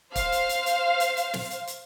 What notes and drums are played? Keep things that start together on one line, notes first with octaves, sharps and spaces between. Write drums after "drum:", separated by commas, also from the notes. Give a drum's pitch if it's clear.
C5 F5, drum: kick, hi-hat
drum: hi-hat
drum: hi-hat
drum: hi-hat
drum: hi-hat
drum: hi-hat
drum: snare
drum: hi-hat
drum: hi-hat